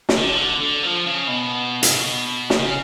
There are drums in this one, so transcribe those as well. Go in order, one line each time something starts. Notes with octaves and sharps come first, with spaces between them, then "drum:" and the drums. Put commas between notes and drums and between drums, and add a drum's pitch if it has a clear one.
drum: snare
D3
F3
D3
D3
F3
C#3
B2
C#3, drum: hi-hat
B2
drum: snare
C#3